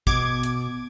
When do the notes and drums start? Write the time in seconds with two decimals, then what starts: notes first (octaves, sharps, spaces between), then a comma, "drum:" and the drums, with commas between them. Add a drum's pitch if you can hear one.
0.07 B2 D6 G#6, drum: kick, hi-hat
0.43 drum: hi-hat